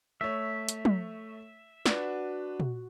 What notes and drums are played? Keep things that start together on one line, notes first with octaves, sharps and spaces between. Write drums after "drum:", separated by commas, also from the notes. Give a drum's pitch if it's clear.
A3 C#5 E5
drum: hi-hat
drum: tom
D4 F#4 B4, drum: snare
drum: tom A#2